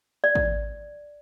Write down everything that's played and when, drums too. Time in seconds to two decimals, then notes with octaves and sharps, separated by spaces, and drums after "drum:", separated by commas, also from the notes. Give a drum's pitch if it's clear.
0.24 D5
0.35 drum: kick